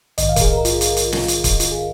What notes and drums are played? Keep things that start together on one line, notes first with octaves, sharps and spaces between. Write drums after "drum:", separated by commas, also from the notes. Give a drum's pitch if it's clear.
A#1 G#2 D#3 D#5, drum: hi-hat
F5
A#4, drum: kick C#1, hi-hat
G#4
A#4
F4, drum: hi-hat
drum: hi-hat
drum: hi-hat
drum: snare
drum: hi-hat
drum: kick C#1, hi-hat
F4, drum: hi-hat
G#4